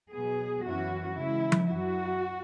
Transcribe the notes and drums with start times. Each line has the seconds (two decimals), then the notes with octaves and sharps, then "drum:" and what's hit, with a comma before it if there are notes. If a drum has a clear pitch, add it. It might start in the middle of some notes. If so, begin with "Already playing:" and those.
0.12 B2 F#3 B3 G#4
0.64 F#2 E3 C#4 E4 F#4
1.15 C#3 E3 G#3 E4
1.52 drum: tom F3
1.67 F#2 F#3 E4 F#4